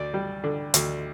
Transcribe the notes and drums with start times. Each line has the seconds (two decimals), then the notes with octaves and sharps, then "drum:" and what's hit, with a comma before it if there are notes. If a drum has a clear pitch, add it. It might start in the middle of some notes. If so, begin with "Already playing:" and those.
Already playing: D2 D5
0.14 G3
0.44 D3
0.74 D2, drum: hi-hat